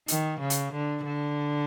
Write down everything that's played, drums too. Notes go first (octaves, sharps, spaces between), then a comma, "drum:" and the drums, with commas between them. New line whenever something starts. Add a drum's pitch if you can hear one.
D#3, drum: hi-hat
C#3
drum: hi-hat
D3
D3